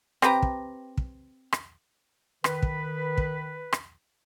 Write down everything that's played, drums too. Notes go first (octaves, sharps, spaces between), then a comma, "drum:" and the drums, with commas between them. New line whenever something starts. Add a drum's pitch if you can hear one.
C4 G4 B4 A#5, drum: rim click
drum: kick
drum: kick
drum: rim click
D#3 B4, drum: rim click
drum: kick
drum: kick
drum: rim click